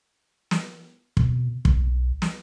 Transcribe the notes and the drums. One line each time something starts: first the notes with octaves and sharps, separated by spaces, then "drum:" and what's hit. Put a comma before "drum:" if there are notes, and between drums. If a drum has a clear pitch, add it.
drum: snare
B2, drum: kick
B1, drum: kick
drum: snare